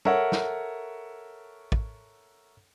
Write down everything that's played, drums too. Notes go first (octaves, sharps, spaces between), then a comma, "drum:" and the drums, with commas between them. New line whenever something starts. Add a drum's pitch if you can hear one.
A4 A#4 C#5 E5 F#5, drum: tom
drum: snare
drum: kick